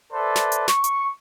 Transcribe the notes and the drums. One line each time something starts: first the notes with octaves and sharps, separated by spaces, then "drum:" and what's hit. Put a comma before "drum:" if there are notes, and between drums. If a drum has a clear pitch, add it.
A4 B4 C5 D5 E5
drum: snare
drum: hi-hat
C#6, drum: snare
drum: hi-hat